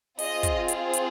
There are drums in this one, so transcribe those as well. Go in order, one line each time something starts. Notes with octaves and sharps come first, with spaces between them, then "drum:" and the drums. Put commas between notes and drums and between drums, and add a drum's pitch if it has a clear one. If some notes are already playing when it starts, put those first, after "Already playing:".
C4 F4 G#4 D#5, drum: open hi-hat
drum: kick, hi-hat
drum: hi-hat
drum: hi-hat